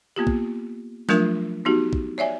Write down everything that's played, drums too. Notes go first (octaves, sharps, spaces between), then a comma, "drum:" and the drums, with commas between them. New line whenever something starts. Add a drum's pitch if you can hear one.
A#3 B3 F4 G4
drum: kick
F3 F#3 A3 D4 F4 A#4, drum: snare
B3 D#4 F#4 G4
drum: kick
C#5 D5 E5 G#5